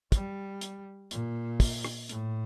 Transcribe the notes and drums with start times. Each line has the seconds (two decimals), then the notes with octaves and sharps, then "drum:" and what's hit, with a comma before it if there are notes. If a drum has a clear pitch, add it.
0.12 G3, drum: kick, hi-hat
0.61 drum: hi-hat
1.11 A#2, drum: hi-hat
1.60 drum: kick, open hi-hat
1.84 drum: rim click
2.09 A2, drum: hi-hat